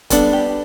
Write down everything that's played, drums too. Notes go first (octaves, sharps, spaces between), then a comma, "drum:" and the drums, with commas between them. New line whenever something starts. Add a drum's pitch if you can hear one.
G3 B3 D4 A4, drum: kick, hi-hat
G4